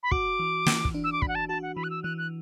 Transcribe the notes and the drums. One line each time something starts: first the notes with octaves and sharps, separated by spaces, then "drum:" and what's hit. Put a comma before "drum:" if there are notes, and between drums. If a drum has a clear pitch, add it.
B5
F#4 D6, drum: kick
E3
E3, drum: snare
drum: kick
D4
E6
D6
D4 B5, drum: kick
F#5
A5
F#4 A5
F#5
E3 B5
F#6
E6
E3 F#6
F#6